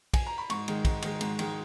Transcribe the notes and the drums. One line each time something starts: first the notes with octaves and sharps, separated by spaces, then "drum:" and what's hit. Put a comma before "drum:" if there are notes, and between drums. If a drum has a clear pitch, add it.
G#5, drum: kick, cymbal
A#5
B5
G#2 C#6, drum: cymbal
D#3 G#3, drum: cymbal
G#2, drum: kick, cymbal
D#3 G#3, drum: cymbal
G#2, drum: cymbal
D#3 G#3, drum: cymbal